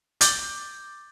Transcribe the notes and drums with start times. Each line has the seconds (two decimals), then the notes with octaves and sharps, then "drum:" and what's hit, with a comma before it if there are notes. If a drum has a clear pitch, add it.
0.21 D6 G6 A6, drum: hi-hat